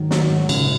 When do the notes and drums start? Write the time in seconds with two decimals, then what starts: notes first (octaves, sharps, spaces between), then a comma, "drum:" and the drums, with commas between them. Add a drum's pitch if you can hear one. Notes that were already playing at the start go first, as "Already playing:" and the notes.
Already playing: G#2 D#3 F#3
0.11 F#3, drum: snare
0.30 G#2
0.49 A#2 C#3, drum: cymbal